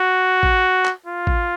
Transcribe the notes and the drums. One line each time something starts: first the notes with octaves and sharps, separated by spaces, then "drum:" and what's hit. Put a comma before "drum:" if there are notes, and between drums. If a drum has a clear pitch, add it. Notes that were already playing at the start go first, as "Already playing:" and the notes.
Already playing: F#4
drum: kick A1
drum: clap
F4
drum: kick A1